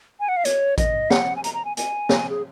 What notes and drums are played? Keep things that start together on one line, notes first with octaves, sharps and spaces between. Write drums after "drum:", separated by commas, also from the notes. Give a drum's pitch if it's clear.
G#5
F#5
F5
C#5, drum: hi-hat
D#5, drum: kick A1, hi-hat
F#5, drum: snare
G#5
A#5, drum: hi-hat
A#5
G#5
G#5, drum: hi-hat
drum: snare
G#4